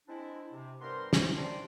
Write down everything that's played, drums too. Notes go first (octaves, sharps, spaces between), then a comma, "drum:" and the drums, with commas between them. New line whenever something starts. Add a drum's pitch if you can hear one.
G#3 C4 D4 E4
C3
G2 B3 A#4 C5 C6
C#4 E4 G4 A#4 C5 C#5, drum: snare
C3 G3 D4 D5 G5 C6